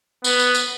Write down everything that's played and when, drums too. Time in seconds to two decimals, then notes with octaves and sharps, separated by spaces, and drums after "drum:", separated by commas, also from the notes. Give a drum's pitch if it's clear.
0.24 B3, drum: tambourine
0.39 drum: tambourine
0.55 drum: tambourine